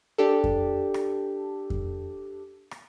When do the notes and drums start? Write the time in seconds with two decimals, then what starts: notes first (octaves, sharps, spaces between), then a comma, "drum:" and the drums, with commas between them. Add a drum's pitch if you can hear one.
0.18 D4 G4 A4
0.44 drum: kick F2
0.94 drum: rim click
1.70 drum: kick F2
2.71 drum: rim click